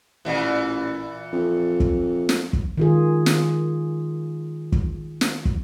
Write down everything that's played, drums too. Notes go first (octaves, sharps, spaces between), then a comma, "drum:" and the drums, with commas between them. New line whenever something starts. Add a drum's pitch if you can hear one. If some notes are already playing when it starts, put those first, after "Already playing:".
A1 A#2 E3
F2
drum: kick
drum: snare
drum: kick
D#3 F4 G#4
drum: snare
drum: kick
drum: snare
drum: kick